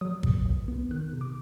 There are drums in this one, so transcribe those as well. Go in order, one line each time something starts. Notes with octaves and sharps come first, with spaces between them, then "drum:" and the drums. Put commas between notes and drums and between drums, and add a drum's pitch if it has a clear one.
F#3 D#6
B2, drum: kick
C2
B3
D#3 F#6
C3
D6